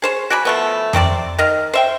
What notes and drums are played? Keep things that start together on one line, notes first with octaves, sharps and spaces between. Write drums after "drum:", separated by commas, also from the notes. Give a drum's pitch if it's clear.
G#4 C5 C#5
F#4 D5 G#5 B5
F3 A3 B3
C3 C4 F4 D5, drum: tom F2
D#3 D#5 F5
C5 E5 G5